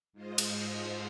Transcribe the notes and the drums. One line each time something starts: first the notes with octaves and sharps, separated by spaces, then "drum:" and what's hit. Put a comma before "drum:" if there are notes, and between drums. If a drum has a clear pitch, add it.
G#2 G#3 F4 C5 D#5
drum: cymbal